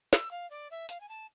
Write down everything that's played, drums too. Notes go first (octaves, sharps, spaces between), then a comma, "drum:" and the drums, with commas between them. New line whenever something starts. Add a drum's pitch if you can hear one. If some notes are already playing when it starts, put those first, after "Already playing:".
E6, drum: snare
F5
D5
E5
F5, drum: hi-hat
G#5
A5